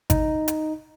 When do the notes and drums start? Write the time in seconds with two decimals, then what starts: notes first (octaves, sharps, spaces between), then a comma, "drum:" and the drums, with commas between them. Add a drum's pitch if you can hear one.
0.10 D#4, drum: kick G#1, hi-hat
0.48 drum: hi-hat